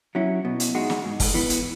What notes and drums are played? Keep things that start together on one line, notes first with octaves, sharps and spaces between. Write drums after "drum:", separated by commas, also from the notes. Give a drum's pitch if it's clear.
F#3 C#4 E4
B2
drum: hi-hat
G#3 D#4 F#4
drum: snare
G#2
drum: kick, open hi-hat
E3 B3
drum: hi-hat